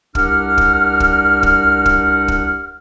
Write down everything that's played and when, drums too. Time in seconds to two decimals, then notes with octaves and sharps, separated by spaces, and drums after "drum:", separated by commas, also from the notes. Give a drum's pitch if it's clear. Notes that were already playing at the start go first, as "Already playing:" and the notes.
0.15 C2 D4 G4 A#4 F#5 F6, drum: kick
0.58 drum: kick
1.00 drum: kick
1.43 drum: kick
1.86 drum: kick
2.28 drum: kick